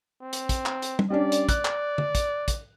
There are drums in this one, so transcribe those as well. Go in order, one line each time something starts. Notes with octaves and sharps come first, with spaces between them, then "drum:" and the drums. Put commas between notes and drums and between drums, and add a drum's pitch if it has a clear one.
C4
drum: hi-hat
drum: kick, hi-hat
drum: clap
drum: hi-hat
drum: tom
G3 C#4 D4 D5
drum: hi-hat
F#6, drum: kick, hi-hat
drum: clap
drum: tom
drum: kick, hi-hat
drum: kick, hi-hat